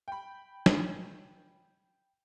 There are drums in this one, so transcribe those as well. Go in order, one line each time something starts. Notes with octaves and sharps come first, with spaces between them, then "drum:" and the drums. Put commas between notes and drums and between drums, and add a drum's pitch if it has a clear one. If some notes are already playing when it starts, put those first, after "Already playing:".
G5 B5
drum: snare